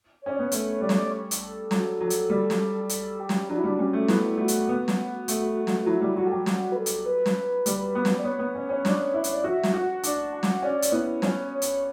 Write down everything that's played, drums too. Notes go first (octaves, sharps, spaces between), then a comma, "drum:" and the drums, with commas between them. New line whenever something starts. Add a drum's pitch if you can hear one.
C#5
C#4 D5
B3 C#5
A3 C#5, drum: hi-hat
G3 D5
C#5, drum: snare
D5
C#5
drum: hi-hat
A4
F#3, drum: snare
F#3
drum: hi-hat
G3
drum: snare
A4, drum: hi-hat
G4
drum: snare
F#3 D4
E4
G3 D4
G3 C#4
A3
B3 E4, drum: snare
A3 F#4
drum: hi-hat
B3
drum: snare
A3, drum: hi-hat
drum: snare
F#3 E4
G3 E4
F#3 F#4
A4
F#3 G4
F#4, drum: snare
B4
A4
drum: hi-hat
A4
B4
drum: snare
G3, drum: hi-hat
B3
drum: snare
D5
B3 C#5
B3
C#4
C#4
D4, drum: snare
E4
drum: hi-hat
D5
F#4 E5
drum: snare
F#4 F#5
D4 A5, drum: hi-hat
F#5
drum: snare
C#4 D5
drum: hi-hat
B3 E4
C#4 C#5, drum: snare
C#5
drum: hi-hat